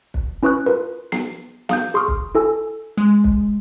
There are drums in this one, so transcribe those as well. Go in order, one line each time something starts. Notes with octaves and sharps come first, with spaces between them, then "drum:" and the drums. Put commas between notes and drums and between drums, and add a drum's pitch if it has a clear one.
drum: kick
C#4 E4 B4 C#6 D#6 F#6
F4 A#4 B4
C7, drum: snare
F5 D#6 G6, drum: snare
G#4 C6 C#6 D#6 F6
drum: kick
E4 A4 G#5 E6
G#3
drum: kick